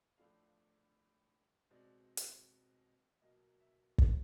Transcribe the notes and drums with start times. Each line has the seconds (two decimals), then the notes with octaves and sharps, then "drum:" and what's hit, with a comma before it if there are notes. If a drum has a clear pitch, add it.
0.18 A2 F3 A3 D4 F5
1.70 B2 G#3 C4 D5
2.17 drum: hi-hat
3.22 B2 F#3 A#3 D#5
3.60 E5
3.98 F#5, drum: kick